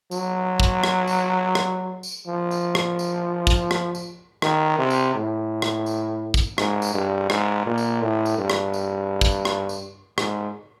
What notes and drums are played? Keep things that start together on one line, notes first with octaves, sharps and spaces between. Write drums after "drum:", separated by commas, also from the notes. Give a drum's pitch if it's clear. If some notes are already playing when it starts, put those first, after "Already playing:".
F#3, drum: tambourine
drum: kick
drum: rim click
drum: tambourine
drum: rim click
drum: tambourine
F3
drum: tambourine
drum: rim click
drum: tambourine
drum: kick, tambourine
drum: rim click
drum: tambourine
D#3, drum: rim click
C3
drum: tambourine
A2
drum: rim click
drum: tambourine
drum: kick, tambourine
G#2, drum: rim click
drum: tambourine
G2
G#2, drum: rim click
A#2
drum: tambourine
A2
drum: tambourine
G2
drum: rim click
drum: tambourine
drum: kick, tambourine
drum: rim click
drum: tambourine
G#2, drum: rim click